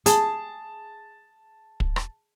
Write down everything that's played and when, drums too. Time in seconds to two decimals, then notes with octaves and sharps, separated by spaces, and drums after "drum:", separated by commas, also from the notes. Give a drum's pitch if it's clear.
0.06 G#4 A5, drum: hi-hat
1.80 drum: kick
1.96 drum: rim click